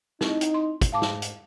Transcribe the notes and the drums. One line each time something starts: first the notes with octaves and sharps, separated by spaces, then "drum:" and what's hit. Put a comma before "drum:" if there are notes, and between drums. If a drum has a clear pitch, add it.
C4 D#4 E4, drum: snare
drum: hi-hat
C6
drum: kick, hi-hat
G#2 F5 A5 D6
drum: snare
drum: hi-hat